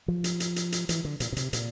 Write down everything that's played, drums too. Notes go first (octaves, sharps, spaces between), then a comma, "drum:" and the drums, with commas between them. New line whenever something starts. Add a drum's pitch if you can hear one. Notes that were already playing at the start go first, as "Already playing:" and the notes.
F3
drum: hi-hat
drum: hi-hat
drum: hi-hat
drum: hi-hat
E3, drum: hi-hat
D3
A#2, drum: hi-hat
A#2
C3, drum: hi-hat
A#2, drum: hi-hat